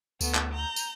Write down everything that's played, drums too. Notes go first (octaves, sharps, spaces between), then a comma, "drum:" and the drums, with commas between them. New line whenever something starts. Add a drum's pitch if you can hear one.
D2 A3 B3, drum: tambourine
drum: clap
A#5 G6
drum: tambourine